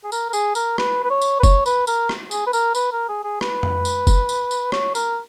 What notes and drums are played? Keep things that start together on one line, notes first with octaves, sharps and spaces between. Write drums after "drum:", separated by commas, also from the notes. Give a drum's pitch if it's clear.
G#4
A#4, drum: tambourine
A#4
G#4, drum: tambourine
A#4, drum: tambourine
B4, drum: rim click
B4
C#5
drum: tambourine
B4
C#5, drum: kick F#1, tambourine
B4, drum: tambourine
A#4, drum: tambourine
drum: rim click
G#4, drum: tambourine
B4
A#4, drum: tambourine
B4, drum: tambourine
A#4
G#4
G#4
B4, drum: rim click
drum: tom F2
drum: tambourine
drum: kick F#1, tambourine
drum: tambourine
drum: tambourine
C#5, drum: rim click
A#4, drum: tambourine